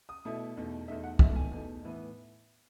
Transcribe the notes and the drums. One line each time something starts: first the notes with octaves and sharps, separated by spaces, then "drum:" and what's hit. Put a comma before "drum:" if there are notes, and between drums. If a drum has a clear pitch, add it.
D#6
B2 A3 E4
E2 B2 A3 D#4
E2 B2 A3 D#4 E5
F#5
E2 B2 A3 D#4 E5, drum: kick
G#5
E2 B2 A3 D#4
A2 E3 B3